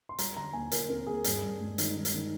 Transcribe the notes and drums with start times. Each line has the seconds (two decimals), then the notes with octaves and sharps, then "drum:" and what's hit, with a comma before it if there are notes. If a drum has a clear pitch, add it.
0.09 C6
0.18 G3 A#5, drum: hi-hat
0.36 D3 A#5
0.53 D#2 G#5
0.72 D#2 A#4, drum: hi-hat
0.89 C4 A#4
1.07 D#2 G#4
1.24 G2, drum: hi-hat
1.43 G2
1.61 G#3
1.78 D#3, drum: hi-hat
1.96 D#3
2.05 drum: hi-hat
2.14 D#3